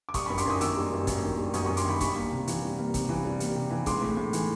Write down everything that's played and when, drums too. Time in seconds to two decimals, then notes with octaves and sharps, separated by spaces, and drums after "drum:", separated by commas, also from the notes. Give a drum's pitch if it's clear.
0.09 D6
0.14 G3 C#6 D#6, drum: kick G#1, hi-hat
0.26 B5 C#6
0.30 F#2
0.38 C6 D6, drum: hi-hat
0.46 F#2 C#6 D#6
0.61 D#3 D6 E6, drum: hi-hat
0.77 G3
0.92 F#2
1.07 F#2, drum: kick G#1, hi-hat
1.23 D#3
1.38 G3
1.53 F#2 C#6 D#6, drum: hi-hat
1.66 C#6 D#6
1.70 F#2
1.77 C6 D6, drum: hi-hat
1.85 D#3 B5 C#6
2.01 G3 B5 C#6, drum: kick G#1, hi-hat
2.16 A#3
2.32 C3
2.47 E3, drum: hi-hat
2.62 G3
2.78 A#3
2.94 C3, drum: kick G#1, hi-hat
3.09 E3
3.25 G3
3.40 A#3, drum: hi-hat
3.56 C3
3.71 E3
3.86 G#3 C6 D6, drum: kick G#1, hi-hat
4.02 A2
4.17 A2
4.33 E3, drum: hi-hat